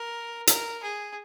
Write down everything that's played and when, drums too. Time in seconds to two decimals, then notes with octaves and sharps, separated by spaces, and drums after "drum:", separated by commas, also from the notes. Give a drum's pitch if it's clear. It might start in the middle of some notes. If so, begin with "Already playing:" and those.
Already playing: A#4
0.47 A#4, drum: hi-hat
0.83 G#4